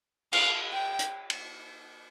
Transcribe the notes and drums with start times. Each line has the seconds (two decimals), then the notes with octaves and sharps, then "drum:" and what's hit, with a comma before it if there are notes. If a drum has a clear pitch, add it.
0.33 F5, drum: cymbal
0.72 G5
0.99 drum: hi-hat
1.30 drum: cymbal